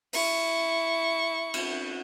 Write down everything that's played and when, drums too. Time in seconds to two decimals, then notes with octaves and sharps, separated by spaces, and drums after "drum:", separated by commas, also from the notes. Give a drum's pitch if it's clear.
0.13 E4 C#6, drum: open hi-hat
1.54 drum: cymbal